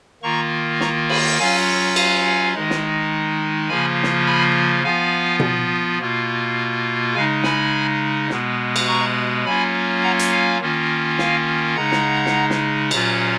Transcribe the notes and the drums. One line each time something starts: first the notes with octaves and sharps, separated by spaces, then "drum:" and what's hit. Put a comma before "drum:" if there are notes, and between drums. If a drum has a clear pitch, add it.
D#3 A#3 F4 A#5 C#6
A#5 C#6, drum: snare
G#5 B5, drum: cymbal
F#3 C#4 F4 F5 G#5
F5 G#5, drum: cymbal
D#3 G#3 D#4
drum: snare
C#3 F3 A#3 F4 G#5 B5
drum: snare
G#5 B5
F3 B3 F4 F5 G#5
drum: tom B2
B2 A#3 F4
C#3 G#3 D#4 F5 G#5
G#5 B5, drum: snare
B2 G#3 B3, drum: snare
drum: cymbal
A#5 C#6
F#3 A#3 C#4 F4 G#5 B5
F#5 A#5
drum: hi-hat
F5 G#5
D#3 A#3 C#4 F4
F5 G#5, drum: snare
C#3 G#3 D#4 F#5 A#5
drum: snare
drum: snare
drum: snare
A#2 F#3 C#4 F4, drum: cymbal